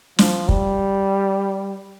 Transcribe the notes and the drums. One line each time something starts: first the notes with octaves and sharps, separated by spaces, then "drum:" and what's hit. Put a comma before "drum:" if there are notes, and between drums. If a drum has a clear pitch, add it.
F3, drum: snare
G3, drum: kick